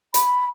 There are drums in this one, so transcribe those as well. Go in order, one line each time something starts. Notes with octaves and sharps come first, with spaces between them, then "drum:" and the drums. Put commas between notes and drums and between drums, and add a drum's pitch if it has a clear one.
B5, drum: hi-hat